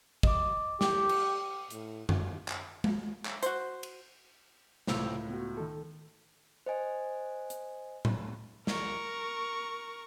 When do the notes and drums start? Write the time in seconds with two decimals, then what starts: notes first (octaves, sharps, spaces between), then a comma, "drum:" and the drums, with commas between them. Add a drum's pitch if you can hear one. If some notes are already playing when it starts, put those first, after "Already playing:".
0.23 D#5 D6, drum: kick
0.81 G4 G5 D6, drum: snare
1.09 drum: cymbal
1.70 A2, drum: hi-hat
2.09 drum: tom F#2
2.48 drum: clap
2.84 drum: tom G#3
3.26 drum: clap
3.43 F#4 C5, drum: hi-hat
3.83 drum: cymbal
4.87 C#2 A2 C3 C5 E6, drum: snare
5.30 B3 F#4
5.57 D#3 A4
6.66 C5 D#5 G#5
7.50 drum: hi-hat
8.05 drum: tom A2
8.67 A#4 C#6, drum: snare